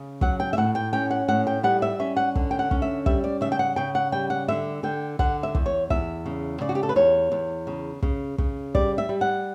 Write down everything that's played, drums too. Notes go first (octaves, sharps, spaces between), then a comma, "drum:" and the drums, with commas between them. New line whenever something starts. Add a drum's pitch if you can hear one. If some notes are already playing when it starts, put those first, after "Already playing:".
Already playing: C#3
F#3 F#5, drum: kick
G5
E5
A2 F#5
G5
C#4 G5
F#5
A2 F#5
G5
G3 F#5
E5
C#4 E5
F#5
D3, drum: kick
G5
F#5
C#4, drum: kick
E5
G3 E5, drum: kick
D5
C#3 E5
G5
F#5
C#3 G5
F#5
G3 G5
F#5
D3 E5
D3 G5
D3 F#5, drum: kick
E5
E2, drum: kick
C#5
E2 E5, drum: kick
C#3
C#3 D5
F#4
G4
A4
B4
E2 C#5
E2
C#3
C#3, drum: kick
C#3, drum: kick
G3 D5, drum: kick
E5
G3
F#5